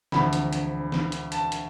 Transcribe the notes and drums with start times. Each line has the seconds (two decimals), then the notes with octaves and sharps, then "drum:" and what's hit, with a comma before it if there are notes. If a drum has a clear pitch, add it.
0.12 E1 D2 D3 F3 C4 B5, drum: snare
0.33 drum: hi-hat
0.53 drum: hi-hat
0.92 drum: snare
1.12 drum: hi-hat
1.32 A5, drum: hi-hat
1.52 drum: hi-hat